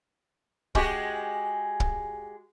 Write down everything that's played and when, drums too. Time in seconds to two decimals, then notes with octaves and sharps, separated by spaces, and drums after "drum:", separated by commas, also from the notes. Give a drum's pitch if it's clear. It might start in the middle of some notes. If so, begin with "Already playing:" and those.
0.75 G#3 F#4 G4, drum: kick
1.80 drum: kick